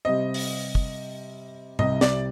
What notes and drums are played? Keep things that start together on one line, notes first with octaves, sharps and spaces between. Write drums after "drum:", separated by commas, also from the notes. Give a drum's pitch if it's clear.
C3 G3 C4 D#5
drum: open hi-hat
drum: kick
C2 C3 G3 D#5, drum: tom G#2
D5, drum: snare